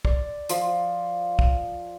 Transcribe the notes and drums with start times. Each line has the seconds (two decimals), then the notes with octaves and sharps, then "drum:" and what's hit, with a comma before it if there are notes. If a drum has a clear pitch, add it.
0.05 D5, drum: kick
0.49 F3, drum: hi-hat
1.39 drum: kick